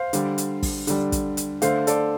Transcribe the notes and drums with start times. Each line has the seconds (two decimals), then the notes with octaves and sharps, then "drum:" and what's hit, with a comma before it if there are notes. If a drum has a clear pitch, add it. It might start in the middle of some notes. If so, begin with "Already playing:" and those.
Already playing: C5 F5
0.13 D3 G3, drum: hi-hat
0.38 drum: hi-hat
0.63 drum: kick, open hi-hat
0.87 D3 G3, drum: hi-hat
1.12 drum: kick, hi-hat
1.37 drum: hi-hat
1.62 D3 A3 C5 F5, drum: hi-hat
1.87 A4 D5, drum: hi-hat